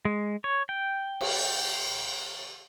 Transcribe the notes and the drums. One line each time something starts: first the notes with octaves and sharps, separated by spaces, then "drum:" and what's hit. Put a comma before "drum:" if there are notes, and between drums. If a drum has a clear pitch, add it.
G#3
C#5
G5
drum: cymbal